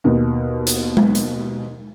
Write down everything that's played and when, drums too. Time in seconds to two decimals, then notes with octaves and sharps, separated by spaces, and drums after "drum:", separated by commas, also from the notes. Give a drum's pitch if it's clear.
0.04 D#2 B2
0.67 drum: hi-hat
0.97 drum: tom G#3
1.15 drum: hi-hat